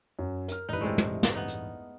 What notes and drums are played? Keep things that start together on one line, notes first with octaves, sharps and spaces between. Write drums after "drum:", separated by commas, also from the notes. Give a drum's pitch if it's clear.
F#2
A#4 F6, drum: hi-hat
A1 E2 G2 D#4 B4
C3 G#3 A3
drum: tom
drum: snare
B3 D#4
drum: hi-hat